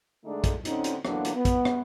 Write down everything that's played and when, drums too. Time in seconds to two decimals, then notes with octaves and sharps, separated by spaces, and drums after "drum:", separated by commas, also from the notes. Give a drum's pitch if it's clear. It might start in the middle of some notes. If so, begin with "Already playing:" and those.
0.25 D3 G#3 A3 D4 D#4
0.44 drum: kick, hi-hat
0.65 D3 C4 C#4 D#4, drum: hi-hat
0.84 drum: hi-hat
1.05 D3 E3 F#3 A#3 B3 D4, drum: rim click
1.25 drum: hi-hat
1.35 B3
1.45 drum: kick, hi-hat
1.65 drum: rim click